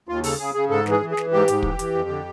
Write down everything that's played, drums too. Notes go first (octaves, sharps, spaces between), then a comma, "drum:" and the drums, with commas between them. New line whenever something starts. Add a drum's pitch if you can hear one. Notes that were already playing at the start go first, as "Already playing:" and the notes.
D#2 F4
C#3 A4, drum: open hi-hat
C#3 G#4
C#3 G#4
G#2 A4
E3, drum: snare
G#4
E3
G#4
E3, drum: snare
G#2 G4
G#2, drum: hi-hat
E3, drum: kick
E3, drum: hi-hat
F2
D3